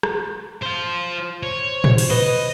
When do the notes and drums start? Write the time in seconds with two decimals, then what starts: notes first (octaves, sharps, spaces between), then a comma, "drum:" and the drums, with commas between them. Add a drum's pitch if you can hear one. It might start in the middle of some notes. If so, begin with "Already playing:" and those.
0.03 drum: rim click
0.63 F4 C5
1.43 C5 C#5
1.84 drum: tom
1.98 drum: cymbal
2.10 B4 D#5